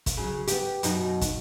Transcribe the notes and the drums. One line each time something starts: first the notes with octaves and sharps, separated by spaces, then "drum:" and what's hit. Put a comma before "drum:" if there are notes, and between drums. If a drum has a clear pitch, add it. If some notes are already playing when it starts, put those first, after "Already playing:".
drum: kick, hi-hat
C#3 F#3
B3 G4, drum: hi-hat
F#2 B2 D#4, drum: hi-hat
drum: kick, hi-hat